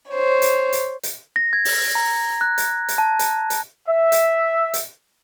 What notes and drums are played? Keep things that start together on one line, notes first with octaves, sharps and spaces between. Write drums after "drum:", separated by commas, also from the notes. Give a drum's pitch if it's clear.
C5 C#5
drum: hi-hat
drum: hi-hat
drum: hi-hat
A#6
G#6
drum: open hi-hat
A#5
F#6
drum: hi-hat
drum: hi-hat
A5
drum: hi-hat
drum: hi-hat
E5
drum: hi-hat
drum: hi-hat